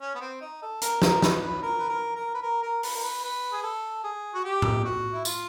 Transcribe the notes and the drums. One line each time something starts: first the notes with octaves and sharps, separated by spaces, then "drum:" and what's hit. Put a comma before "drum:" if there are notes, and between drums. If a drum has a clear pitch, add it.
C#4
B3
C4
D#4
A4
A#4, drum: hi-hat
A#4, drum: snare
B4, drum: snare
B4
A#4
B4
A#4
A#4
B4
A#4
A#4
B4, drum: open hi-hat
A#4
B4
B4
G#4
A4
G#4
F#4
G4
drum: tom A2
F#4
E4
F4, drum: tambourine